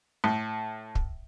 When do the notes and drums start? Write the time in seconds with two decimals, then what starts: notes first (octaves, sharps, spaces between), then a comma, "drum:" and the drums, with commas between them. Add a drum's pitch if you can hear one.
0.24 A2
0.95 drum: kick